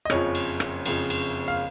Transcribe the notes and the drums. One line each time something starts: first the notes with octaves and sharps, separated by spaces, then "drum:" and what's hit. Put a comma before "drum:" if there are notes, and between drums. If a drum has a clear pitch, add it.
D#5
F#1 F2 C#3 F3 C#5, drum: rim click
drum: cymbal
drum: rim click
F#1 F2 C#3 F3, drum: cymbal
drum: cymbal
F5